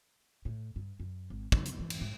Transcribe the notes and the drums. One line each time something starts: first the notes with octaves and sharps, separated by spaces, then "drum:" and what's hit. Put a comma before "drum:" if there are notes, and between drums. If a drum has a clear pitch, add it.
A2
G2
F#2
G#1
C#3, drum: kick
drum: hi-hat
E3
drum: cymbal
G#2